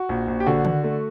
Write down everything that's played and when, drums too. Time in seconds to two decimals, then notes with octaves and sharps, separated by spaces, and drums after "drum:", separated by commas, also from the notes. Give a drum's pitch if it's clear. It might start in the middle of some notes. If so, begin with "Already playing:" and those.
Already playing: F#4
0.09 A#1
0.28 A#1
0.40 G4
0.46 D3 F#4
0.65 D3, drum: tom
0.84 A3